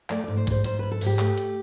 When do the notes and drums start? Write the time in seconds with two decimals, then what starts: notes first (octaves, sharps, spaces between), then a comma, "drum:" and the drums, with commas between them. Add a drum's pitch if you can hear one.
0.10 A3 D5, drum: clap
0.24 G#2 D5
0.37 C5
0.47 G#2 C5, drum: kick, hi-hat
0.64 G#2 C5, drum: hi-hat
0.79 G#2 B4
0.92 A4
1.01 G#2 G4, drum: open hi-hat
1.19 A3, drum: clap
1.38 drum: hi-hat